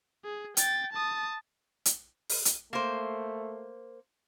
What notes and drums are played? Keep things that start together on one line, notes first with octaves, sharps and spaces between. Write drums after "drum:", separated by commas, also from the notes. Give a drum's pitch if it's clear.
G#4
G5 A6, drum: hi-hat
A5 D#6
drum: hi-hat
drum: open hi-hat
drum: hi-hat
A3 A#3 C5